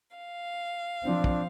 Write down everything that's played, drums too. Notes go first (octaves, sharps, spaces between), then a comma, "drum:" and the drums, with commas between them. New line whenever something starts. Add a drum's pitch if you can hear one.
F5
F3 C4 D4
drum: kick